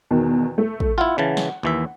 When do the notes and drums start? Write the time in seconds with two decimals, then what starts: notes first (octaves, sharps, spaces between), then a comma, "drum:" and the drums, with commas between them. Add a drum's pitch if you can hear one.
0.10 E2 B2 D#3
0.58 A3
0.80 drum: kick
0.98 E4 F4 F#5
1.18 C#3 E3 A5
1.37 drum: snare
1.63 D#2 E3 E5